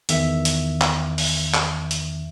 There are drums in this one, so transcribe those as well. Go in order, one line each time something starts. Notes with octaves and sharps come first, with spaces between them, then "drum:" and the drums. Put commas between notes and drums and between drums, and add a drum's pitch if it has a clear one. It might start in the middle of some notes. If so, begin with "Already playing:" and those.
E2 D#3 E5, drum: hi-hat
drum: hi-hat
drum: clap
drum: open hi-hat
drum: clap
drum: hi-hat